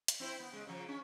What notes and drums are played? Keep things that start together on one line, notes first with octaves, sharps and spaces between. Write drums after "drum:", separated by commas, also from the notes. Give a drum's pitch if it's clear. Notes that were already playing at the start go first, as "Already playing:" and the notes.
drum: hi-hat
C4 E4 C5
B3
C#3 G#3
C#3 F3
C#4